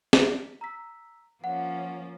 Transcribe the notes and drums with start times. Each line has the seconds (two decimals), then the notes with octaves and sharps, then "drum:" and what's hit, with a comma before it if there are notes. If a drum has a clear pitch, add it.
0.13 B6, drum: snare
0.61 A#5 E6 B6
1.44 F3 A#3 C#4 F#5